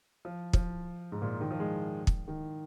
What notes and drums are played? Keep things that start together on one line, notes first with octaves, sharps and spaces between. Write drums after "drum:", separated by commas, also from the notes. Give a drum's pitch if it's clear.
F3
F3, drum: kick
G#2
A#2
D#3
F3
G#3
drum: kick
D#3